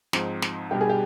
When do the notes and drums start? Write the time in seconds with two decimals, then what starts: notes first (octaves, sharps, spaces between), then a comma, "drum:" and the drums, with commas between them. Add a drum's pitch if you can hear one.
0.13 G#2 F3 C4 D#4, drum: snare
0.42 drum: snare
0.71 B2 G3 D4 G4
0.81 G#4
0.89 G4